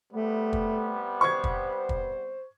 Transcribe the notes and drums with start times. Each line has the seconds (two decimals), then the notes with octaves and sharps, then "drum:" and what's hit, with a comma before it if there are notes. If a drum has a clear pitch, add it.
0.13 C3 G3 A3 B3
0.53 drum: kick
1.21 C5 C#6 G#6
1.44 drum: kick
1.89 drum: kick